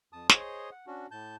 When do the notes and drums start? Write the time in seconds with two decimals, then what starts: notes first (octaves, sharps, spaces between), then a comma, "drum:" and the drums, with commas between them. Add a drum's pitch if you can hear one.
0.13 F2 A5 D#6
0.29 G#4 C5 C#5 D#5 C6 D#6, drum: snare
0.71 F#5
0.87 C#4 D4 F#4
1.11 A2 A5 G6